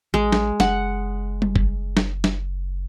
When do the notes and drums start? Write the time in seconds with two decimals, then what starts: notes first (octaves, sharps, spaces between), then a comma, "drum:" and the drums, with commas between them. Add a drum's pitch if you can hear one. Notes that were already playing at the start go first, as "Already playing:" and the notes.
0.14 A1 G#3
0.32 drum: snare
0.60 F#1 F#5, drum: snare
1.42 drum: tom G3
1.56 drum: kick
1.97 drum: snare
2.24 drum: snare